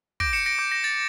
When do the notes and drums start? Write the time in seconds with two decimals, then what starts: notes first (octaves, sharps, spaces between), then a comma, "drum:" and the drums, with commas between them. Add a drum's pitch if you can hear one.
0.20 D6 G6 A#6 D7, drum: kick
0.33 C#7 E7
0.46 A#6 D7
0.59 D6 G6
0.72 A#6
0.84 A6